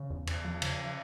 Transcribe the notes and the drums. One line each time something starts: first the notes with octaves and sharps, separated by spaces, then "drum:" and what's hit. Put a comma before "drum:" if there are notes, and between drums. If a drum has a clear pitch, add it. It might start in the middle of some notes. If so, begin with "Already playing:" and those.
Already playing: C#3
E2
E2, drum: cymbal
F3
C#3, drum: cymbal